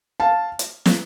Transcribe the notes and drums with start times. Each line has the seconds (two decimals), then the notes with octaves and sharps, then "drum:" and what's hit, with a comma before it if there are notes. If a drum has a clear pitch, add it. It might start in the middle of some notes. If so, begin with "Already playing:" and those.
0.20 F5 A5
0.59 drum: hi-hat
0.86 drum: snare